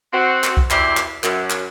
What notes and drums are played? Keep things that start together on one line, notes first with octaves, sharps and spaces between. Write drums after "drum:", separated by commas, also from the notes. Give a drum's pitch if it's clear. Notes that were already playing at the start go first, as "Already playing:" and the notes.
C4 F#4
drum: clap
drum: kick B1
B2 E3 E4 G4 D5 C6, drum: clap
drum: clap
F#2, drum: clap
drum: clap